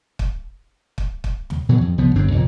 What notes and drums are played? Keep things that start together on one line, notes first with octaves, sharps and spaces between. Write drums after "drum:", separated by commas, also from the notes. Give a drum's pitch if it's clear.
drum: kick
drum: kick
drum: kick
drum: tom
B2 E3 F#3
F2
C2 F3 B3
G1 G2 C4 D4
C2 F2 A#2